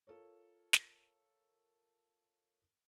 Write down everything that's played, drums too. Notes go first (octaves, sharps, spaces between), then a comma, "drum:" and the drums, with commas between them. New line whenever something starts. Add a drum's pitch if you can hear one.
F4 A4 A#4 C#5
drum: snare